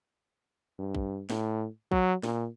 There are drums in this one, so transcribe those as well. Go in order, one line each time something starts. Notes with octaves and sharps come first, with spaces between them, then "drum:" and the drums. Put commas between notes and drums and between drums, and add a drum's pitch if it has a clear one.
G2
drum: kick
A2, drum: snare
F#3, drum: kick
A#2, drum: snare